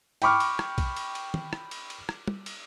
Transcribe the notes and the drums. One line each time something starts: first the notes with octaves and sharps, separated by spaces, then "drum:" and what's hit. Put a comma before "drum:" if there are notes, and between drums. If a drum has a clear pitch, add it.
G5 B5 C#6 D6 F6, drum: cymbal
drum: cymbal
drum: rim click
drum: kick, cymbal
drum: cymbal
drum: cymbal
drum: tom
drum: rim click
drum: cymbal
drum: cymbal
drum: rim click
drum: tom
drum: cymbal